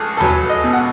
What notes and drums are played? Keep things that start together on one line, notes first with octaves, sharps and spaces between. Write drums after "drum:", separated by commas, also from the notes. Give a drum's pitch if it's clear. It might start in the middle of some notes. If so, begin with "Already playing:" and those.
Already playing: C#2 A3 G#4 A4
A4
F#3 B4, drum: tom D#2
D#5
B2
F#5